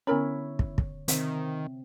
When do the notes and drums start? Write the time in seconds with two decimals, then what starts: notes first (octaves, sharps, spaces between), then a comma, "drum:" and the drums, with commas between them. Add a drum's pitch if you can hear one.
0.07 D3 B3 C#4 E4 A#4 C#5 B5
0.59 drum: kick
0.78 drum: kick
1.08 C3 D#3 C4 C5 E5, drum: hi-hat